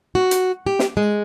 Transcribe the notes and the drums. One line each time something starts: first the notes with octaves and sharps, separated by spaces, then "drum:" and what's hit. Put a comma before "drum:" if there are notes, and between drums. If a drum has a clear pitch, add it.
F#4
drum: hi-hat
G4
drum: snare
G#3